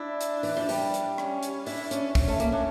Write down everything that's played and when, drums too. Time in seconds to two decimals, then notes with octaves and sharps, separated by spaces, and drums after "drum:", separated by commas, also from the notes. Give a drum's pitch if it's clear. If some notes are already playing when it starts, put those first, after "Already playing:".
Already playing: D4 E4
0.21 drum: hi-hat
0.43 E3, drum: open hi-hat
0.57 F3
0.69 G3, drum: open hi-hat
0.94 drum: hi-hat
1.18 C#4, drum: rim click
1.43 drum: hi-hat
1.66 D4 E4, drum: open hi-hat
1.91 C#4, drum: hi-hat
2.15 C#4, drum: kick, open hi-hat
2.28 A3
2.40 A#3, drum: hi-hat
2.52 D4